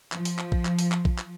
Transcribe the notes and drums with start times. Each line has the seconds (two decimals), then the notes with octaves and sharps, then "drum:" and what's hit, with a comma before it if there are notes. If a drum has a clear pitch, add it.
0.12 F3, drum: clap
0.25 drum: open hi-hat
0.39 drum: clap
0.52 drum: kick A#1
0.65 drum: clap
0.79 drum: open hi-hat
0.92 drum: clap
1.05 drum: kick A#1
1.18 drum: clap